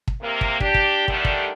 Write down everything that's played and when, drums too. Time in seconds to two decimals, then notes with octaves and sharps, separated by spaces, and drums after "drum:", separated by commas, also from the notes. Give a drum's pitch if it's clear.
0.08 drum: kick
0.22 C3 A#3
0.41 drum: kick
0.60 D4 G4, drum: kick
0.74 drum: kick
1.08 D3 D#3 G3 A3 D4 G4, drum: kick
1.25 drum: kick